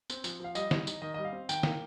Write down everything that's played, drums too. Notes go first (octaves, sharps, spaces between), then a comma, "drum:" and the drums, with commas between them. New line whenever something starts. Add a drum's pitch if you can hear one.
C4, drum: tambourine
F3, drum: tambourine
F3 F5
G3 D#5, drum: tambourine
G3, drum: snare
D#4, drum: tambourine
D#3 D#5
G3 D#5
F5
C4
D#3 G5, drum: tambourine
A#3, drum: snare